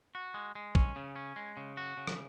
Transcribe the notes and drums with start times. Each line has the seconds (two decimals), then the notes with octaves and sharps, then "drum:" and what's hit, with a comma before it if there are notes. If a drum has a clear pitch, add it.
0.15 F#4
0.34 G#3
0.55 G#3
0.75 C#4, drum: kick
0.96 C#3
1.16 C#4
1.36 G#3
1.57 C#3
1.77 F#4
1.97 C#3
2.07 drum: rim click